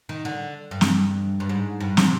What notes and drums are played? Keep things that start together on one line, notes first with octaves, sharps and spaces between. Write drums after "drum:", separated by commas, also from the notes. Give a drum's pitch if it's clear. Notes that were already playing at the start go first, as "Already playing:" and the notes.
D#3
D3
G2
drum: snare
G2
G#2
G2
C3, drum: snare